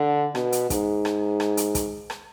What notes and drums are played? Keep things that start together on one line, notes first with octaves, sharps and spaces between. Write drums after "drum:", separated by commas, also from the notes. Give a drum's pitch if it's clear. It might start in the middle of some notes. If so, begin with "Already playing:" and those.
Already playing: D3
B2, drum: rim click
drum: hi-hat
G#2, drum: kick, hi-hat
drum: rim click
drum: rim click
drum: hi-hat
drum: kick, hi-hat
drum: rim click